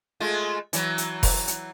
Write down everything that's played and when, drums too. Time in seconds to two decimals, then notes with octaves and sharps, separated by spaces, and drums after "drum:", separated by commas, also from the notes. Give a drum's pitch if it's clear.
0.20 G#3 A3 F4
0.73 E3 F#3, drum: hi-hat
0.98 drum: hi-hat
1.23 drum: kick F1, open hi-hat
1.48 drum: hi-hat